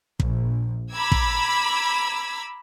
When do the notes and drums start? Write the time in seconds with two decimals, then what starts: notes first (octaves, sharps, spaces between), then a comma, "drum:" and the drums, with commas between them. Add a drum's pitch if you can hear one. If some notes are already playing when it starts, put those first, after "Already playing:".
0.20 A#1, drum: kick
0.92 A#5 B5 D6 E6 G#6
1.12 drum: kick